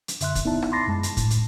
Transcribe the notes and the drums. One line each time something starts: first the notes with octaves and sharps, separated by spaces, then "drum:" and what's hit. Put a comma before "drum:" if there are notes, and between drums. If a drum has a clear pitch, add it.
drum: hi-hat
F#2 D3 E5 C6 F#6, drum: hi-hat
drum: kick, hi-hat
B3 D#4 E4 D5 E5 A5
drum: rim click
B5 C6 D6 A6 A#6 C7
F#2 G#3 A5
drum: hi-hat
A2, drum: kick, hi-hat
drum: hi-hat